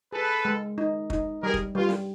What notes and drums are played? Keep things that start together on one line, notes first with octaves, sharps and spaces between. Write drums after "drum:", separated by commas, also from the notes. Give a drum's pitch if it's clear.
G#4 A4 B4
G#3
D#4
D#4, drum: kick
G3 G#4 A#4
drum: kick
G3 F4
drum: snare